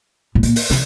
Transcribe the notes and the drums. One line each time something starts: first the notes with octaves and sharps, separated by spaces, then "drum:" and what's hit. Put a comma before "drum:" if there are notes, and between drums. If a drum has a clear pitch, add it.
A2
A#2, drum: hi-hat
drum: open hi-hat
C3, drum: snare